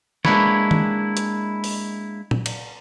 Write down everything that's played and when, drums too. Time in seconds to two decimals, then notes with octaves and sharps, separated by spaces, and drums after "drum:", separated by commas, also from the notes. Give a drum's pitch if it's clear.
0.25 G#3 A#3 D4 E4 B4 C#5, drum: snare
0.71 drum: tom D#3
1.17 drum: hi-hat
1.64 drum: open hi-hat
2.31 drum: tom A#2
2.46 drum: cymbal